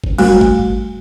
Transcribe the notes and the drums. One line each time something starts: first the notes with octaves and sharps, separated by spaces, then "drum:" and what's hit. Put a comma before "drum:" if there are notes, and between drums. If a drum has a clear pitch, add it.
drum: kick G1
G3 A3 F#4, drum: cymbal
drum: kick G1